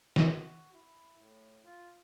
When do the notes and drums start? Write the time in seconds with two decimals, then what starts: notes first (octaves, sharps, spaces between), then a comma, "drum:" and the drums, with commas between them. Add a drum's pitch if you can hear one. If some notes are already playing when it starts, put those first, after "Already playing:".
0.16 F#4, drum: snare
0.73 E4
1.19 A2
1.65 F4